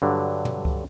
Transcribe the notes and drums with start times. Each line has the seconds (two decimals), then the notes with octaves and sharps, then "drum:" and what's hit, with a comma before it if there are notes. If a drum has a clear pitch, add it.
0.02 G2 D3 F#3
0.45 drum: tom B2
0.65 drum: kick C#2